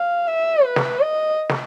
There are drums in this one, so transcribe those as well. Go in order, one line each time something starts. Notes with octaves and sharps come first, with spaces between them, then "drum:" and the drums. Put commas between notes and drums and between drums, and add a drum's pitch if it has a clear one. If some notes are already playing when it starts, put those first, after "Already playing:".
Already playing: F5
E5
B4
drum: snare
D#5
drum: snare